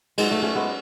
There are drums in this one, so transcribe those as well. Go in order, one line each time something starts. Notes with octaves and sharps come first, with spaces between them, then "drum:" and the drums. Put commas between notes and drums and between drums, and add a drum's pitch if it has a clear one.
G#2 F#3 G#3, drum: cymbal
A3
A3 C#4
G#3 B3